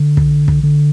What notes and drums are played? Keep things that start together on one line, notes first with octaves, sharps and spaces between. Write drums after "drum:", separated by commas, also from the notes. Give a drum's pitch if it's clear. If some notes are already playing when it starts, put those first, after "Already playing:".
Already playing: D3
drum: kick
drum: kick
D3